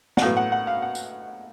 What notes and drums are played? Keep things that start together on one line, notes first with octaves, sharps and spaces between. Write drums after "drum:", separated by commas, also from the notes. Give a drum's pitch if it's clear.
F#5, drum: snare B3
A2 F#3 B3 F5
F#5
F#5
F5
F#5
drum: tambourine